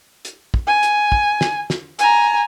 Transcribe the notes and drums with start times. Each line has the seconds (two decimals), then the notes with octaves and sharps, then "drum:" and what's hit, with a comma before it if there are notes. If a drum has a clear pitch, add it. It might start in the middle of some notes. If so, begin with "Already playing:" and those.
0.25 drum: hi-hat
0.54 drum: kick
0.67 G#5
0.83 drum: hi-hat
1.12 drum: kick
1.41 drum: snare
1.70 drum: snare
1.99 G#5 A#5, drum: hi-hat